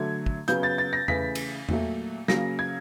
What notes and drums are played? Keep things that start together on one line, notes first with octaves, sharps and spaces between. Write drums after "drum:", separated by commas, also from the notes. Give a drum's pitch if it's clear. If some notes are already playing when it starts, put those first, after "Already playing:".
Already playing: D3 F#3 A3 G#6
drum: kick
C#3 F#3 B3 G6, drum: hi-hat
A6
A6
A#6
C#3 E3 A3 B6, drum: tom E2
drum: cymbal
A#2 F#3 A3, drum: tom E2
C#3 F#3 A#3 A#6, drum: snare
G#6